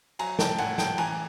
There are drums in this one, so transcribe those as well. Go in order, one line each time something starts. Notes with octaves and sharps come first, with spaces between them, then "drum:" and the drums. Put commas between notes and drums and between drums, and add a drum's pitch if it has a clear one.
F#3 G#5 A#5, drum: cymbal
G5 A5, drum: snare
A2 F#5 G#5, drum: cymbal
G5 A5, drum: snare
E3 G#5 A#5, drum: cymbal